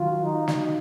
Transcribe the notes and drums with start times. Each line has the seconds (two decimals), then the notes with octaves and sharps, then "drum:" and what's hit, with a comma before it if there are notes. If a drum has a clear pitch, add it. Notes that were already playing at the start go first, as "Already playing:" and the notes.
Already playing: D#3 F#3 F4
0.23 D#4
0.48 drum: snare